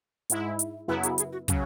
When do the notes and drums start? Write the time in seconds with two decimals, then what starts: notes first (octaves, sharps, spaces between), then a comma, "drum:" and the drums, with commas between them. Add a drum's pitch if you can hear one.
0.30 G#2 G#3 E4, drum: hi-hat
0.59 drum: hi-hat
0.88 F#2 C#3 F#3 B3 E4 B4
1.03 G#4, drum: hi-hat
1.18 G#4, drum: hi-hat
1.33 F#4
1.48 C#3 F#3 C#4, drum: kick, hi-hat